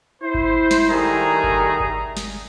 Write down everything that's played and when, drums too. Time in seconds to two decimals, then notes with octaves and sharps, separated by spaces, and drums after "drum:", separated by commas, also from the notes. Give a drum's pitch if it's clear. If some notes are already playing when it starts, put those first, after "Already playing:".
0.22 E4 C5
0.34 drum: kick G1
0.71 drum: snare
0.89 D#3 G3 A3 G#4 A#5
1.44 drum: kick G1
1.80 drum: kick G1
2.17 drum: snare